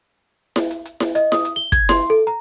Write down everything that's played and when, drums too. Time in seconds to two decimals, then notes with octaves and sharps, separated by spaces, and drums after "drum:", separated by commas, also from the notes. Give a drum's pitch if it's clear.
0.56 drum: snare E4
0.71 drum: hi-hat
0.85 drum: hi-hat
1.00 drum: snare E4
1.15 D#5, drum: hi-hat
1.32 D#6, drum: snare E4
1.45 drum: hi-hat
1.56 G7
1.72 G#6, drum: kick, hi-hat
1.89 C6, drum: snare E4
2.10 A4
2.27 A#5